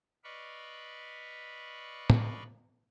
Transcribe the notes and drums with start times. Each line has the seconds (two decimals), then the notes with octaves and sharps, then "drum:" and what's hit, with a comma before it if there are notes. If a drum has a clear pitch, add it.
0.24 B4 D5 D#5 F5 B5 C#6
2.10 drum: tom